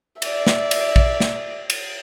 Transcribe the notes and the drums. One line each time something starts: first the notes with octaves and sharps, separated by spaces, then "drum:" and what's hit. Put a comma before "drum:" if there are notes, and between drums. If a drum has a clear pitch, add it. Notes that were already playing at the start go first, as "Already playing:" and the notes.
D5 E5, drum: cymbal
drum: snare
drum: cymbal
drum: kick
drum: snare
drum: cymbal